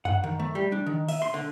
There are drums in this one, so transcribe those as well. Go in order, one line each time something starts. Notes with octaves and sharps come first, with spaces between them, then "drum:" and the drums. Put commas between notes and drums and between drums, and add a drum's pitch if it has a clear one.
F#5, drum: tom F#2
D#3
A3
G3
D4
D#3
E5, drum: cymbal
C6
D3